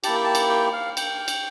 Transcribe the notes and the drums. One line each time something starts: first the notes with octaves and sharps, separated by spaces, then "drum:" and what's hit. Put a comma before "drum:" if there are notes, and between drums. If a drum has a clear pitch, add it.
A#3 E4 G4 A5, drum: cymbal
G5
A5
drum: cymbal
G5
F5
G5, drum: cymbal
drum: cymbal